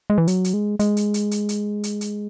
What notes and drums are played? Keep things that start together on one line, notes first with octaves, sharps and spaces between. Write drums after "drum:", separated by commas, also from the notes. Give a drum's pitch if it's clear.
G#3
E3
F#3, drum: hi-hat
drum: hi-hat
G#3
G#3, drum: hi-hat
drum: hi-hat
drum: hi-hat
drum: hi-hat
drum: hi-hat
drum: hi-hat
drum: hi-hat